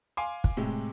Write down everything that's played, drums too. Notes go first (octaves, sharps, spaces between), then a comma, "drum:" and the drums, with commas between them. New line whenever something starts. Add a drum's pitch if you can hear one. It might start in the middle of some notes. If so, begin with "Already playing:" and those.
F5 G#5 C6 D6
drum: kick
A2 C3 G#3